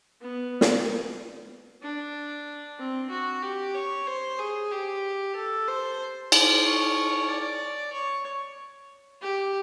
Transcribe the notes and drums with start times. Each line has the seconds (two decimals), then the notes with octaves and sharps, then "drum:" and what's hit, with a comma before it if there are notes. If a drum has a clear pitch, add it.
0.21 B3
0.61 drum: snare
1.82 D4
2.78 C4
3.10 F#4
3.43 G4
3.75 C#5
4.07 C5
4.39 G#4
4.71 G4
5.36 A4
5.68 C5
6.32 C5, drum: cymbal
6.65 C#5
7.28 D5
7.93 C#5
9.21 G4